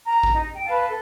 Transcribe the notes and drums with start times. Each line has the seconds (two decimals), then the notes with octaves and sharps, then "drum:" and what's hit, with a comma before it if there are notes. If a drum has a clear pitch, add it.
0.04 A#5
0.23 drum: kick A1
0.34 D#4
0.54 G5
0.66 B4 F5 A5
0.87 A4